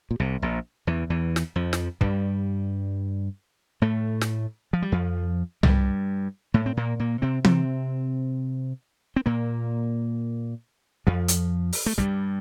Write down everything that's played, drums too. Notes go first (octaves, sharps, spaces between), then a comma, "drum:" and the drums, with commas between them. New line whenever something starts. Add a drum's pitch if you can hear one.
A#2
C2 C3
A#1 A#2
E2 E3
E2 E3
drum: snare
F2 F3
drum: snare
G2 G3, drum: kick
A2 A3
drum: snare
F3
G3
F2 F3
G2 G3, drum: tom C2
A2 A3
C4
A#2 A#3
A#2 A#3
C3 C4
C3 C4, drum: tom E3
C4
A#2 A#3
F2 F3
drum: hi-hat
drum: open hi-hat
A3
G2 G3, drum: kick